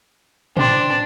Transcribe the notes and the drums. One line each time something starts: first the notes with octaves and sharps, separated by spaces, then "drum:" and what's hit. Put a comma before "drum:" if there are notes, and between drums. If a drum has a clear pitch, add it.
D4 C5 G5 C6, drum: tom